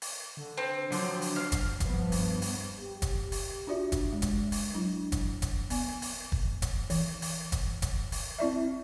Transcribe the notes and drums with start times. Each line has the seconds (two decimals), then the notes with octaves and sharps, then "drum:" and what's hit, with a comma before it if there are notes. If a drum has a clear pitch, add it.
0.02 drum: open hi-hat
0.37 D3
0.58 C4
0.92 D3 F3 F#3, drum: open hi-hat
1.22 drum: open hi-hat
1.36 F5
1.52 drum: kick, hi-hat
1.80 G2 F3 B3, drum: kick, hi-hat
2.12 drum: open hi-hat
2.42 drum: open hi-hat
2.79 G4
3.02 drum: kick, hi-hat
3.32 drum: open hi-hat
3.67 D4 F4 F#4 D5 E5
3.92 drum: kick, hi-hat
4.13 G#3
4.22 drum: kick, hi-hat
4.52 drum: open hi-hat
4.74 F#3 D4 E4
5.12 drum: kick, hi-hat
5.42 drum: kick, hi-hat
5.70 B3 D5 G#5, drum: open hi-hat
6.02 drum: open hi-hat
6.32 drum: kick
6.62 drum: kick, hi-hat
6.90 E3, drum: open hi-hat
7.22 drum: open hi-hat
7.52 drum: kick, hi-hat
7.82 drum: kick, hi-hat
8.12 drum: open hi-hat
8.39 C4 E4 D5 E5